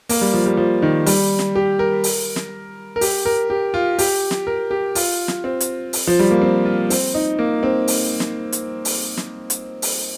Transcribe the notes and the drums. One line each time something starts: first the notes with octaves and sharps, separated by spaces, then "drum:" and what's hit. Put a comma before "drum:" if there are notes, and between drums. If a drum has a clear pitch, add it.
A#3, drum: open hi-hat
G3
F3
G3
F3
D#3
G3, drum: open hi-hat
drum: snare
G4
A#4
drum: open hi-hat
drum: snare
A#4
G4, drum: open hi-hat
A#4
G4
F4
G4, drum: open hi-hat
drum: snare
A#4
G4
F4, drum: open hi-hat
drum: snare
C4
drum: hi-hat
drum: open hi-hat
F3
G3
A#3
C4
F4
C4, drum: open hi-hat
D#4
A#3
C4
drum: open hi-hat
drum: snare
drum: hi-hat
drum: open hi-hat
drum: snare
drum: hi-hat
drum: open hi-hat